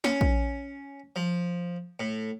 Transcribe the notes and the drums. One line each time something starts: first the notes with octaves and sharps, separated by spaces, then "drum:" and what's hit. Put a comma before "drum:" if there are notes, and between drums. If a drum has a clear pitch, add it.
C#4, drum: snare
drum: kick A#1
F3
A2